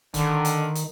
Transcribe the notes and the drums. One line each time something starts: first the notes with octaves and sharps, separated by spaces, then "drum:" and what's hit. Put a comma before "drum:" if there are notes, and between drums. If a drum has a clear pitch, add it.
D3 D#3, drum: kick, hi-hat
drum: hi-hat
drum: hi-hat